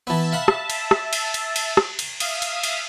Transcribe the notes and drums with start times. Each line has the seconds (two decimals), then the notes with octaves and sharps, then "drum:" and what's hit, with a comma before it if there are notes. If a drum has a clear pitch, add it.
0.07 E3 B3 E5 A5
0.32 F5 F#5 B5
0.48 drum: rim click
0.70 drum: cymbal
0.91 drum: rim click
1.13 drum: cymbal
1.34 drum: cymbal
1.56 drum: cymbal
1.77 drum: rim click
1.99 drum: cymbal
2.20 E5 F5 D#6, drum: cymbal
2.42 drum: cymbal
2.63 drum: cymbal